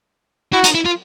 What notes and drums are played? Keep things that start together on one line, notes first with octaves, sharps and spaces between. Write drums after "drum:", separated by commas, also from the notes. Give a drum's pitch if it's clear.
E4 F#4
D#4, drum: hi-hat
E4
F4